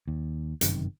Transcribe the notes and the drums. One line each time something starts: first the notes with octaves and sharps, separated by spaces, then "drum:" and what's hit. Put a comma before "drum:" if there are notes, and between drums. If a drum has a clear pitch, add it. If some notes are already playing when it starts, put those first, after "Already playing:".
D#2
G1 F#2 C3 D#3, drum: hi-hat